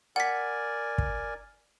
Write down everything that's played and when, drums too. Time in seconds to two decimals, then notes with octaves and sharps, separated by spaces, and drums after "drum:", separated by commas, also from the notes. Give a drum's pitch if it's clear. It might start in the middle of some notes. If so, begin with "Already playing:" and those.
0.16 A#4 D5 F#5 G#5 B6
0.98 drum: kick